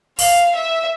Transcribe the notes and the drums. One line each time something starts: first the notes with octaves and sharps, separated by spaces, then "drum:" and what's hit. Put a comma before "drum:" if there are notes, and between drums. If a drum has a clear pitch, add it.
F5, drum: open hi-hat
E5